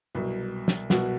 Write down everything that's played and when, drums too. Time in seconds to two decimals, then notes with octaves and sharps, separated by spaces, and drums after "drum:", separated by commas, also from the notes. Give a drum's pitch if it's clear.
0.15 C2 B2 F#3
0.68 drum: snare
0.90 C2 B2 F#3 F#4, drum: snare